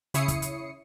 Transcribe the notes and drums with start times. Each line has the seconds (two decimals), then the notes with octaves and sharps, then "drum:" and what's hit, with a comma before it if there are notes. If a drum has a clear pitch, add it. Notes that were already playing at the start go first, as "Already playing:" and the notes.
0.14 C#3 E4 C#5 D#6 C7 C#7, drum: hi-hat
0.28 drum: kick, hi-hat
0.42 drum: hi-hat